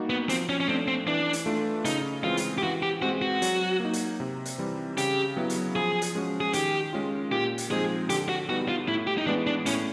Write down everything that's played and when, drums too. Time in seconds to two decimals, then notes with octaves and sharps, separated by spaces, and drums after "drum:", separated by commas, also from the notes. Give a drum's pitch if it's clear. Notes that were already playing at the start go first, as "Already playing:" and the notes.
Already playing: G3 A#3 D#4 F#4
0.10 B3
0.29 F3 C4, drum: hi-hat
0.49 C#4
0.60 C#4
0.68 A3 C4 D4
0.88 C4
1.07 E3 D4
1.33 drum: hi-hat
1.46 A3 D4 F4
1.85 C#3 D#4, drum: hi-hat
2.24 E3 G#3 C4 F4
2.37 drum: hi-hat
2.58 G4
2.63 E3 F#4
2.83 G4
3.02 G#3 C4 F#4
3.22 F#4
3.42 F#3, drum: hi-hat
3.80 A#3 D#4
3.93 drum: hi-hat
4.20 C3
4.45 drum: hi-hat
4.58 E3 G3 C4
4.97 C#3 G4, drum: hi-hat
5.37 F#3 B3 E4
5.50 drum: hi-hat
5.76 F3 G#4
6.02 drum: hi-hat
6.15 G#3 C#4 F#4
6.40 G#4
6.53 D#3 G4, drum: hi-hat
6.93 G#3 C#4 F4
7.32 A#2 G4
7.58 drum: hi-hat
7.71 F3 G#3 C4 D#4 G#4
8.10 D3 G4, drum: hi-hat
8.29 F#4
8.49 G3 B3 D#4 F#4
8.69 F4
8.88 A2 E4
9.07 G4
9.18 D#4
9.27 E3 G#3 B3 D4
9.47 D4
9.66 A2 C#4, drum: hi-hat